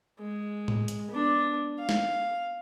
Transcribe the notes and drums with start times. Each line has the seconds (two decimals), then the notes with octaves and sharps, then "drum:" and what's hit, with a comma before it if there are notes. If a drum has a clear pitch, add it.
0.19 G#3
0.68 drum: tom A2
0.88 drum: hi-hat
1.11 B3 D4
1.79 F5
1.89 drum: snare